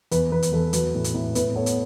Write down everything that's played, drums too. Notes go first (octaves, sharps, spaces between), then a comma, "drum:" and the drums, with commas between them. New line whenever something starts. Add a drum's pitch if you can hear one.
E2 B4, drum: hi-hat
E2 B4
drum: hi-hat
E2 A4
F#3 B4, drum: hi-hat
A2
drum: hi-hat
A2
A2 B4, drum: hi-hat
B3 A4 C#5
drum: hi-hat